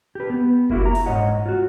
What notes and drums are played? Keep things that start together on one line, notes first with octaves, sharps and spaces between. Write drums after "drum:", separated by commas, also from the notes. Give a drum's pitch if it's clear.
G4 B4
B3
G#3 A#3 E4 F#4 G4, drum: kick F#1
A#5
drum: open hi-hat
G#2 C#5 D#5 F#5
F4 F#4